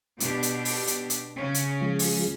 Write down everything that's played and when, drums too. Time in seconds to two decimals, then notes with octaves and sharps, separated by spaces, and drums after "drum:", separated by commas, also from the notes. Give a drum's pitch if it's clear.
0.20 B2 D4 G4, drum: hi-hat
0.43 drum: hi-hat
0.65 drum: open hi-hat
0.87 drum: hi-hat
1.10 drum: hi-hat
1.37 C#3 C#4
1.54 drum: hi-hat
1.81 F3 G#3
1.99 drum: open hi-hat